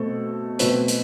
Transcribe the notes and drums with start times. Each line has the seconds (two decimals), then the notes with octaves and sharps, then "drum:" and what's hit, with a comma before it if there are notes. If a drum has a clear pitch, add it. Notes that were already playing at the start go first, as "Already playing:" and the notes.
Already playing: B2 A3 C4 A4
0.59 B2 A3 C4 B4, drum: hi-hat
0.88 drum: hi-hat